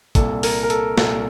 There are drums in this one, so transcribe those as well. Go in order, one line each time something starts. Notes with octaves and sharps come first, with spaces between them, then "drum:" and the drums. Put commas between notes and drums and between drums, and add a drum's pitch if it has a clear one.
C2 A#2 A4, drum: kick, hi-hat
A#4, drum: open hi-hat
A#4
A4, drum: hi-hat
C2 A#2 A4, drum: snare